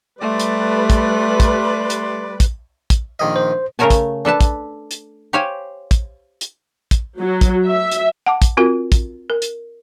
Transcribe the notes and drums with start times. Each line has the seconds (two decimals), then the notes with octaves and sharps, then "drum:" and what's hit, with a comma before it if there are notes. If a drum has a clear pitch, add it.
0.21 G3 A3 B4 D5 C6
0.40 drum: hi-hat
0.90 drum: kick, hi-hat
1.40 drum: kick, hi-hat
1.90 drum: hi-hat
2.40 drum: kick, hi-hat
2.90 drum: kick, hi-hat
3.19 A#1 D#3 D#5
3.36 C5
3.79 C#3 A3 A#4 C#5 G#5 A5
3.90 drum: kick, hi-hat
4.25 D4 A4 B4 A5
4.41 drum: kick, hi-hat
4.91 drum: hi-hat
5.33 G4 C5 C#5 F5 G5 G#5
5.91 drum: kick, hi-hat
6.41 drum: hi-hat
6.91 drum: kick, hi-hat
7.18 F#3
7.41 drum: kick, hi-hat
7.66 E5
7.91 drum: hi-hat
8.26 F#5 A5 D6
8.42 drum: kick, hi-hat
8.57 C4 F4 F#4 A#4
8.92 drum: kick, hi-hat
9.30 A#4
9.42 drum: hi-hat